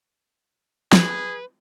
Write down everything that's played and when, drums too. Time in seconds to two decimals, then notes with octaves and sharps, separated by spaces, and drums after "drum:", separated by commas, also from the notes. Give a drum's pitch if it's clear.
0.93 G#4 B4, drum: snare